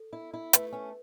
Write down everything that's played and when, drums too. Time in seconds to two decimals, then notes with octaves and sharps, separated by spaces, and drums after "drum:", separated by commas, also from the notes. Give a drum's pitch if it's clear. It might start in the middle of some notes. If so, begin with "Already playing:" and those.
Already playing: A4
0.13 E4
0.34 E4
0.53 A3 B4, drum: hi-hat
0.73 C#4